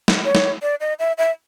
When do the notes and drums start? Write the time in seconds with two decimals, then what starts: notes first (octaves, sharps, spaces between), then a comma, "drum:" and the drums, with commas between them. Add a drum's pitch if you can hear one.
0.08 drum: snare
0.25 C#5
0.35 drum: snare
0.62 D5
0.81 D#5
0.99 E5
1.18 E5